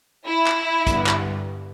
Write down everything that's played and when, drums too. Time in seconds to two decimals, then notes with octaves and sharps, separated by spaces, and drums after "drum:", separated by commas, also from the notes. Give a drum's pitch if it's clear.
0.27 E4
0.47 drum: clap
0.87 G2 D3 G3 B3, drum: kick, hi-hat
1.07 drum: clap